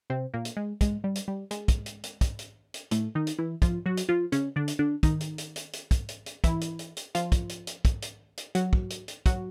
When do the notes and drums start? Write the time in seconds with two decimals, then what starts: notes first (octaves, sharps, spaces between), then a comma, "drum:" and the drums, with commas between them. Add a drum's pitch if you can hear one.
0.10 C3 C4
0.34 A#2 A#3
0.45 drum: hi-hat
0.57 G#3
0.81 G#3, drum: kick, hi-hat
1.04 G3
1.15 drum: hi-hat
1.28 G3
1.51 G#3, drum: hi-hat
1.68 drum: kick, hi-hat
1.86 drum: hi-hat
2.04 drum: hi-hat
2.21 drum: kick, hi-hat
2.39 drum: hi-hat
2.74 drum: hi-hat
2.91 A2 A3, drum: hi-hat
3.15 D#3 D#4
3.27 drum: hi-hat
3.39 E3 E4
3.62 F3 F4, drum: kick, hi-hat
3.86 F#3 F#4
3.97 drum: hi-hat
4.09 F3 F4
4.32 C#3 C#4, drum: hi-hat
4.56 D3 D4
4.68 drum: hi-hat
4.79 D3 D4
5.03 D#3 D#4, drum: kick, hi-hat
5.21 drum: hi-hat
5.38 drum: hi-hat
5.56 drum: hi-hat
5.73 drum: hi-hat
5.91 drum: kick, hi-hat
6.09 drum: hi-hat
6.26 drum: hi-hat
6.44 E3 E4, drum: kick, hi-hat
6.61 drum: hi-hat
6.79 drum: hi-hat
6.97 drum: hi-hat
7.15 F3 F4, drum: hi-hat
7.32 drum: kick, hi-hat
7.49 drum: hi-hat
7.67 drum: hi-hat
7.85 drum: kick, hi-hat
8.02 drum: hi-hat
8.38 drum: hi-hat
8.55 F#3 F#4, drum: hi-hat
8.73 drum: kick
8.90 drum: hi-hat
9.08 drum: hi-hat
9.26 F#3 F#4, drum: kick, hi-hat